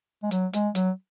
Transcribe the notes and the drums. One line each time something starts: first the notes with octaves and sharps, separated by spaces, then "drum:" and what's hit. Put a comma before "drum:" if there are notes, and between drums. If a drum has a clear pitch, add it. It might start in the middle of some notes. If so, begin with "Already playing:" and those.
G#3
F#3, drum: hi-hat
G#3, drum: hi-hat
F#3, drum: hi-hat